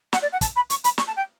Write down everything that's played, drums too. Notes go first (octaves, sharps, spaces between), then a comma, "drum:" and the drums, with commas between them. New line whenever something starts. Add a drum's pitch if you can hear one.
F#5, drum: snare
D5
F#5
A5, drum: kick, hi-hat
B5
C#6, drum: hi-hat
B5, drum: hi-hat
C#6, drum: snare
A5
G5